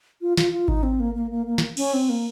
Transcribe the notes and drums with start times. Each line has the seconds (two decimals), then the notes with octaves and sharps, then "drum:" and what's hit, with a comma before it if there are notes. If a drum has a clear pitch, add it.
0.21 F4
0.37 F4, drum: snare
0.53 F4
0.68 D#4, drum: kick G#1
0.83 C4
1.00 A#3
1.14 A#3
1.31 A#3
1.46 A#3
1.58 drum: snare
1.77 C#4, drum: cymbal
1.93 C4
2.09 A#3